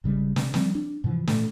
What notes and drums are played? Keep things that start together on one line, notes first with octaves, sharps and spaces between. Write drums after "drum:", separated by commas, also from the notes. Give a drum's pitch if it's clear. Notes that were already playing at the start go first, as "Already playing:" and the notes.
G#1 C#3 G3 G#3
C3, drum: snare
F3 G3 C4, drum: snare
D4
G#2 C3 E3 F3
A#2 A3, drum: snare